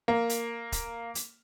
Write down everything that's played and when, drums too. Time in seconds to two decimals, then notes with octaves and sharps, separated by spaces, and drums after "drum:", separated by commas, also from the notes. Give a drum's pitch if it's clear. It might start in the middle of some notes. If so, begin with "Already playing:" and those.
0.08 A#3
0.29 drum: hi-hat
0.72 drum: kick, hi-hat
1.15 drum: hi-hat